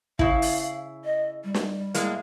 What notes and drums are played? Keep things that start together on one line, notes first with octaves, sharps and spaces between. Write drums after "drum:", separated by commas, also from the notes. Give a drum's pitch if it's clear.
C#3 E4 F5, drum: kick
drum: open hi-hat
D#5
G3
drum: snare
A2 G#3 A#3, drum: hi-hat